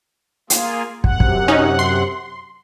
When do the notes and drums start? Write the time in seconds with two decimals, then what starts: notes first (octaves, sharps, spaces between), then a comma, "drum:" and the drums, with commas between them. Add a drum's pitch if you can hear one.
0.50 A#3 F4 G#4, drum: hi-hat
1.04 F#2 C3 F#5, drum: kick
1.20 drum: kick
1.48 C#4 D#4
1.79 C6